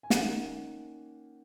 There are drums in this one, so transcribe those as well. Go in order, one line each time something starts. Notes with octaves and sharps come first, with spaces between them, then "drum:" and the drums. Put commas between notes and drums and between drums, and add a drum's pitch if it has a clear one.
G#5
D#3 A#3 C#4 F#5, drum: snare